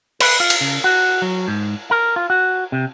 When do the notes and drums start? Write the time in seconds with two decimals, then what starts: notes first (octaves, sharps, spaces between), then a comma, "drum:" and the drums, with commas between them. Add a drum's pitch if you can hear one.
0.20 B4, drum: cymbal
0.40 F4
0.50 drum: cymbal
0.61 C#3
0.84 F#4
1.22 F#3
1.48 G#2
1.91 A#4
2.16 F4
2.30 F#4
2.72 C3